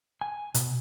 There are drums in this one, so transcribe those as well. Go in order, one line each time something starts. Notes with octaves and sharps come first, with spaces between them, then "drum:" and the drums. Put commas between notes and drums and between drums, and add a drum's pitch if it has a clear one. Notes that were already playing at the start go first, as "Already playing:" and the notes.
G#5
B2, drum: hi-hat